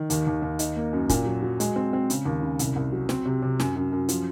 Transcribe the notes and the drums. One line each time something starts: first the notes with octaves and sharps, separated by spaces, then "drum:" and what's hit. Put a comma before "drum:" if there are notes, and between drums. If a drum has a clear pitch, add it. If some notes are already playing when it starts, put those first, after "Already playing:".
Already playing: D#3
D#2, drum: hi-hat
D#2
D#2
D#4, drum: hi-hat
A#3
F#2
A#2, drum: kick, hi-hat
F#3
F#3
G#3, drum: hi-hat
C4
C4
C#3, drum: hi-hat
D#2
C#3
C2, drum: hi-hat
C2
F#3
C4, drum: snare
C3
C3
F#2, drum: snare
F#2
F#2
F3, drum: hi-hat